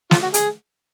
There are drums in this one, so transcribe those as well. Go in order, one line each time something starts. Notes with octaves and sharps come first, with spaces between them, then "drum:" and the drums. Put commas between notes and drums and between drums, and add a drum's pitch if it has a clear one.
F4, drum: snare
F#4
G#4, drum: hi-hat